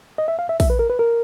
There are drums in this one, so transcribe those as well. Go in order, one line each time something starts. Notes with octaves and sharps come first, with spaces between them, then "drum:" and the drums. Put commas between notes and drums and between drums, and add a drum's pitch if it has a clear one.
D#5
E5
F5
E5
E5, drum: kick, open hi-hat
B4
A#4
B4
A#4